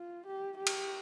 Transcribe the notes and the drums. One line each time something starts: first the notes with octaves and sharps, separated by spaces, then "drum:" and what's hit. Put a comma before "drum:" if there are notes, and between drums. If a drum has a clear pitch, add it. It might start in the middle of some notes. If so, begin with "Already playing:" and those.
Already playing: F4
G4
G4
drum: cymbal